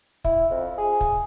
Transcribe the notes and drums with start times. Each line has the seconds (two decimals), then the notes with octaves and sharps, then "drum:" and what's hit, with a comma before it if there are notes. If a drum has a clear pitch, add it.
0.24 E4, drum: kick
0.51 F2
0.78 G#4
1.01 drum: kick